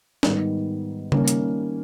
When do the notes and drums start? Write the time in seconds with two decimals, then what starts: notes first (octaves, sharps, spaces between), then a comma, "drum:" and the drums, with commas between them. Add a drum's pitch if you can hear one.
0.23 G#2 D#3 G3 B3, drum: snare
1.12 D#3 G3 A#3 C#4, drum: tom C#3
1.28 drum: hi-hat